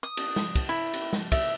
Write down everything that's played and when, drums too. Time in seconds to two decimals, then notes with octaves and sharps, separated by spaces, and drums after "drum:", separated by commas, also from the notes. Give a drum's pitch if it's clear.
0.03 D#6
0.17 drum: cymbal
0.36 drum: snare
0.55 drum: kick, cymbal
0.69 E4
0.94 drum: cymbal
1.13 drum: snare
1.32 E5, drum: kick, cymbal